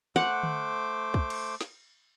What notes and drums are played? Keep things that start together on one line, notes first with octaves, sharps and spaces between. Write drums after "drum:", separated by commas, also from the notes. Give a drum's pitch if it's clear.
A3 C5 F#5 D6
drum: tom D3
drum: kick
drum: cymbal
drum: snare